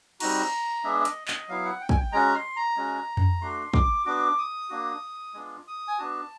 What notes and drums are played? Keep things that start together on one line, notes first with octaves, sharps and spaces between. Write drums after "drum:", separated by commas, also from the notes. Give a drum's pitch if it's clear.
G3 C4 D#4 F#4 A#5, drum: cymbal
G#3 B3 D4 E5
E5
D#5, drum: hi-hat
D#5, drum: clap
F#3 B3 E4 F5
F#5
G5
G#5, drum: kick
G5
G#3 C#4 F#4 A#5
C6
A#5
G#3 C#4 F#4
drum: tom F2
A3 D4 F#4 C6
D6, drum: kick
B3 D4 F#4 D6
D#6
A#3 D4 F#4
G#3 B3 D4 F4
D#6
G#5
B3 D4 F#4 A5